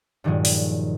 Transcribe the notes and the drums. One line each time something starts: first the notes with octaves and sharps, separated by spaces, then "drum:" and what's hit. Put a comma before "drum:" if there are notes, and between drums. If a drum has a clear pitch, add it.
G2 A#2 D#3 F3 F#3 G#3
drum: open hi-hat